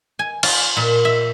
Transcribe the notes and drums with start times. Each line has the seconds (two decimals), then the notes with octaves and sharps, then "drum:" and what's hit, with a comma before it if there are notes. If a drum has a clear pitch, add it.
0.19 G#5
0.43 F4, drum: cymbal
0.77 A#2
1.05 E5